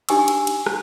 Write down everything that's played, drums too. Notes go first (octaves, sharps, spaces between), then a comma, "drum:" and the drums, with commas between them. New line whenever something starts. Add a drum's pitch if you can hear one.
D4 D#4 G4 G#5 C#6 E6, drum: cymbal
drum: cymbal
drum: cymbal
drum: rim click